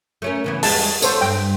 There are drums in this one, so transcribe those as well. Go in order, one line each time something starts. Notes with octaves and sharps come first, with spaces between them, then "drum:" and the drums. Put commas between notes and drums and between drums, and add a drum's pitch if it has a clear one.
A3 C#4 A#4
C#3 E3 B3
E2 G3 G#3 A5, drum: open hi-hat
B3 C#4 A4 C5, drum: tambourine
G2 G5